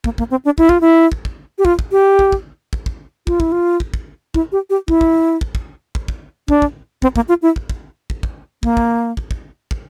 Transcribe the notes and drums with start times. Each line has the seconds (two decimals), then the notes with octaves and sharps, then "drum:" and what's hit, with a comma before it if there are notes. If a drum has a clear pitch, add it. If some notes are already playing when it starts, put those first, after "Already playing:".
0.04 A#3, drum: kick
0.18 A#3, drum: kick
0.31 C4
0.45 D4
0.58 E4, drum: kick
0.69 F4, drum: kick
0.81 E4
1.12 drum: kick
1.25 drum: kick
1.58 G4
1.65 F4, drum: kick
1.79 drum: kick
1.92 G4
2.19 drum: kick
2.32 drum: kick
2.73 drum: kick
2.86 drum: kick
3.27 F4, drum: kick
3.40 E4, drum: kick
3.52 F4
3.80 drum: kick
3.94 drum: kick
4.34 E4, drum: kick
4.52 G4
4.70 G4
4.88 E4, drum: kick
5.01 drum: kick
5.41 drum: kick
5.55 drum: kick
5.95 drum: kick
6.08 drum: kick
6.48 D4, drum: kick
6.62 drum: kick
7.02 C4, drum: kick
7.16 A#3, drum: kick
7.29 F4
7.42 E4
7.56 drum: kick
7.70 drum: kick
8.10 drum: kick
8.23 drum: kick
8.63 A#3, drum: kick
8.77 drum: kick
9.17 drum: kick
9.31 drum: kick
9.71 drum: kick